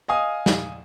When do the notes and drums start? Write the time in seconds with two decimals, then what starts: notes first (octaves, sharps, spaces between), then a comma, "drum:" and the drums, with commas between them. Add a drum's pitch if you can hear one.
0.08 D#5 F5 G#5 D#6
0.46 drum: snare